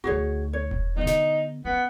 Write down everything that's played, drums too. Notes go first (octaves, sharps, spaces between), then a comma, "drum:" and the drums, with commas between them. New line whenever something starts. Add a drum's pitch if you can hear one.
D2 D#3 F#4 G#4 C#5
C#5
drum: kick E1
D3 B3 D#4
drum: snare
B3 C#4